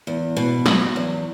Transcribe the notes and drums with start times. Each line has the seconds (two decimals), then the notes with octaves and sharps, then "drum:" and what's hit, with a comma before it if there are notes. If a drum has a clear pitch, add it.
0.07 E2
0.37 B2
0.66 F#3, drum: snare
0.96 E2